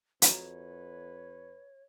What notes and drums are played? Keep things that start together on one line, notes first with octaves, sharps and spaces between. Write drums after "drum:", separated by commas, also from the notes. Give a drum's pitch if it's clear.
F2 F#4 B4 C#5 A#5, drum: hi-hat